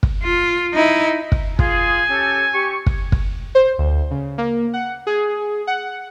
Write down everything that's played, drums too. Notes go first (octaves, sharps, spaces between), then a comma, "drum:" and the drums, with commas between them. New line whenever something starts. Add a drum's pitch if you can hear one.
drum: kick
F4
D#4 E4
drum: kick
F4 G#4 G#5, drum: kick
C#4 G4 A4
G4 C#6
drum: kick
drum: kick
C5
D2
C#3
A#3
F#5
G#4
F#5